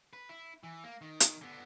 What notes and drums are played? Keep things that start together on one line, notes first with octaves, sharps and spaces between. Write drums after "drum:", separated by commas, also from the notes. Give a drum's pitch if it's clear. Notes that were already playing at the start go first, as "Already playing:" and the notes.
B4
E4
E3
A#3
D#3
drum: hi-hat
D3 B3